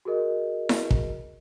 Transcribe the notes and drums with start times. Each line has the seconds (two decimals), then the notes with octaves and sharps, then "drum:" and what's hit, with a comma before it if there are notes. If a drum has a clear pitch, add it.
0.05 F#4 G#4 A#4 D#5
0.69 drum: snare E4
0.91 drum: kick